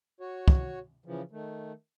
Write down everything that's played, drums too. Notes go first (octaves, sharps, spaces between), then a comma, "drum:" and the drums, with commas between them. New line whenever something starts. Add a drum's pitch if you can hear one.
F#4 C#5
drum: kick
C#3 E3 F3
D#3 A3